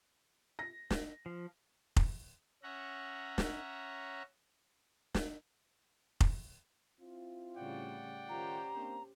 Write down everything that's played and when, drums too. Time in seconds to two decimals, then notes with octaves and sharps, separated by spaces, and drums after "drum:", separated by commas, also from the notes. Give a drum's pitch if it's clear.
0.59 A#6
0.90 drum: snare
1.26 F3
1.96 drum: kick F1
2.63 C#4 E5 F#5 A#5
3.38 drum: snare
5.15 drum: snare
6.21 drum: kick F1
7.00 C4 E4 F4
7.57 A2 C#3 G3 D5 F#5 G5
8.29 D#3 C#4 F4 G4 C5 A#5
8.76 A#3 C4 D4